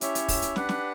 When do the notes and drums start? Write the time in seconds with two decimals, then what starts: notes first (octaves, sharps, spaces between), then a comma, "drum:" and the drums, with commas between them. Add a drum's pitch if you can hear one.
0.01 C#4 E4 G4 C#5 E5, drum: hi-hat
0.15 drum: hi-hat
0.28 drum: kick, open hi-hat
0.42 drum: hi-hat
0.56 D4 G4 B4 F#5, drum: snare
0.69 drum: snare